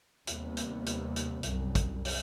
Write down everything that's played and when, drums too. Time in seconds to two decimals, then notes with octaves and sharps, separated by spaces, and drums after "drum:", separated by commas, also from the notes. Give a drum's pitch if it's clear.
0.27 D#2 C3 G3 B3, drum: hi-hat
0.57 drum: hi-hat
0.86 drum: hi-hat
1.16 drum: hi-hat
1.43 C2 F#2, drum: hi-hat
1.75 drum: kick, hi-hat
2.05 drum: open hi-hat